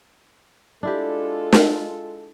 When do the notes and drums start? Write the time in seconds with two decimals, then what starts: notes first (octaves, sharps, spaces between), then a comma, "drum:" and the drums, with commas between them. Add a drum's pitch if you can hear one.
0.83 G#3 D4 E4 F4 G4 A4
1.53 drum: snare